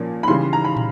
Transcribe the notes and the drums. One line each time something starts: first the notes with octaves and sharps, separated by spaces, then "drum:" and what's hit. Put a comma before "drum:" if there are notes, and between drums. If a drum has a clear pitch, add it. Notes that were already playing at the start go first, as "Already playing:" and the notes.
Already playing: A#2 F3 A#3 C#4
B5
C#3 E3 G3 C6
A#5
B5
drum: tom